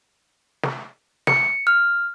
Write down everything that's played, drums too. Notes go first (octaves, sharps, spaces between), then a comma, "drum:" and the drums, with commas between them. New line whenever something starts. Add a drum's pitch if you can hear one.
drum: snare
C#7, drum: snare
F6